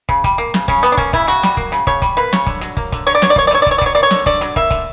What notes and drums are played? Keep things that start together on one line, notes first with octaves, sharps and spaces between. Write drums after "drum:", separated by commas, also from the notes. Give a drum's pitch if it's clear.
C#3, drum: kick
G3, drum: kick, hi-hat
A#3
C#3, drum: snare
C#3 C#4, drum: kick
G3 B3, drum: hi-hat
D4
A#3 C#4, drum: kick
C#3 E4, drum: kick, hi-hat
C#3 F#4
G3, drum: snare
A#3, drum: kick
C#3, drum: hi-hat
C#3 C#5, drum: kick
G3, drum: kick, hi-hat
A#3 B4
C#3 C#5, drum: snare
D3, drum: kick
F#3, drum: hi-hat
A#3, drum: kick
D3, drum: kick, hi-hat
D3 C#5
D5
F#3 C#5, drum: snare
D5
A#3 C#5, drum: kick
D5
D3 C#5, drum: hi-hat
D5
D3 C#5, drum: kick
D5
F#3 C#5, drum: kick
A#3 D5
C#5
D3, drum: snare
D3 D5, drum: kick
F#3, drum: hi-hat
A#3 E5, drum: kick
D3, drum: kick, hi-hat